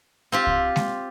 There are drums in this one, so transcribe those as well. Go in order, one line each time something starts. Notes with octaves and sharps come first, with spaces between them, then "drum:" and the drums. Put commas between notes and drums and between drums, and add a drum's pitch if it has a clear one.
C4 F4 G4
drum: kick C2
drum: snare G#3